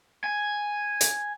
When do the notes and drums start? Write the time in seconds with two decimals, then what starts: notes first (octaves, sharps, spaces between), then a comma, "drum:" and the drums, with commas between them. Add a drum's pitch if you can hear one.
0.24 G#5
1.01 drum: hi-hat